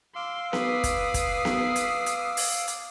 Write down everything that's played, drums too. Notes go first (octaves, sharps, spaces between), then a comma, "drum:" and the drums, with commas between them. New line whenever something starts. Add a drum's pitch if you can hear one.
F5 C6 D6 E6
B4 D#6 C7, drum: snare B3
drum: kick, hi-hat
drum: kick, hi-hat
drum: snare B3
drum: hi-hat
drum: hi-hat
drum: open hi-hat
drum: hi-hat